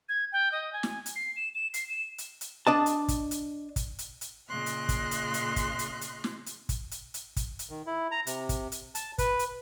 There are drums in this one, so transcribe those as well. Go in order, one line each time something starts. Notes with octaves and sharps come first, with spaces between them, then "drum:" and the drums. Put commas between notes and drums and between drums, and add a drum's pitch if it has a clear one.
G#6
G5
D#5
G#5
drum: snare
drum: hi-hat
C7
E7
E7
C7, drum: hi-hat
E7
drum: hi-hat
drum: hi-hat
D4 D#5 A5
drum: hi-hat
drum: kick, hi-hat
drum: hi-hat
drum: kick, hi-hat
drum: hi-hat
drum: hi-hat
A#2 C#3 D#5 C6 F6 F#6
drum: hi-hat
drum: kick, hi-hat
drum: hi-hat
drum: hi-hat
drum: kick, hi-hat
drum: hi-hat
drum: hi-hat
drum: snare
drum: hi-hat
drum: kick, hi-hat
drum: hi-hat
drum: hi-hat
drum: kick, hi-hat
drum: hi-hat
D#3
E4
A#5
C3, drum: hi-hat
drum: kick, hi-hat
drum: hi-hat
A5, drum: hi-hat
B4, drum: kick, hi-hat
drum: hi-hat